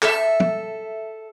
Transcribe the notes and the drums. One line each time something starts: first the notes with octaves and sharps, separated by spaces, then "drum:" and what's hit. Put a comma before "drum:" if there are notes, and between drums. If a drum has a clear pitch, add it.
A4 E5, drum: clap
drum: tom